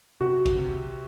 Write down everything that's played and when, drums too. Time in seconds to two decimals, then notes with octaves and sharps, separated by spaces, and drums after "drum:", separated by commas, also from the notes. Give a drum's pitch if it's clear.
0.21 C3 F#4
0.45 drum: kick G#1, cymbal
0.58 C3